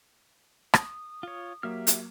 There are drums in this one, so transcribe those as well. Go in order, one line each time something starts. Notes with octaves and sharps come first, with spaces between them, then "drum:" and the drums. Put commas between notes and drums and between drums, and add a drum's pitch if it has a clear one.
D#6, drum: rim click
F4 C#5
F#3 A#3 G4 E5 F6
drum: hi-hat